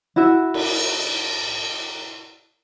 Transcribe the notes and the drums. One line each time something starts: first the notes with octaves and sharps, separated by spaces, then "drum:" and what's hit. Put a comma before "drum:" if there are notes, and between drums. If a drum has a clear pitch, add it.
E4 F#4 E5
drum: cymbal